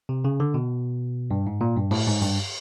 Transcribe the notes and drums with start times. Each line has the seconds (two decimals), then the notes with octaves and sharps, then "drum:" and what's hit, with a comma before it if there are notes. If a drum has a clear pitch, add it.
0.09 C3
0.25 C#3
0.40 D3
0.54 B2
1.31 G2
1.47 G#2
1.61 A#2
1.77 G2
1.91 A2, drum: cymbal
2.07 G#2
2.21 G2, drum: hi-hat